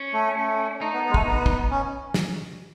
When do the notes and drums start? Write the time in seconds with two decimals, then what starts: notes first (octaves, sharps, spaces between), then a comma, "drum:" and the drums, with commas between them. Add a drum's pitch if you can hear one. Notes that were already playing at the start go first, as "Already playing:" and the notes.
Already playing: C#4
0.13 A3
0.36 A3
0.81 A3 D#4
0.93 B3
1.04 B3
1.11 G#3
1.14 A3, drum: kick
1.26 B3
1.46 drum: kick
1.71 C#4
2.14 drum: snare